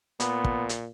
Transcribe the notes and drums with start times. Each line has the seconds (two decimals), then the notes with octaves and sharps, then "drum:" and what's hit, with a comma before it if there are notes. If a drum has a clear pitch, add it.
0.20 A#2 B3, drum: hi-hat
0.44 drum: kick
0.69 drum: hi-hat